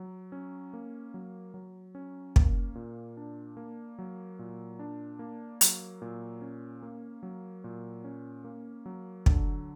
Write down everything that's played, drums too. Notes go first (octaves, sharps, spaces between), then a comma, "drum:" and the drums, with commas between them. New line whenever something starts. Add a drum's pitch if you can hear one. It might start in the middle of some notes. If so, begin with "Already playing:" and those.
Already playing: F#3
C#4
A#3
F#3
F#3
C#4
A#3, drum: kick
A#2
D4
A#3
F#3
A#2
D4
A#3
F#3, drum: hi-hat
A#2
C#4
A#3
F#3
A#2
C#4
A#3
F#3
D3, drum: kick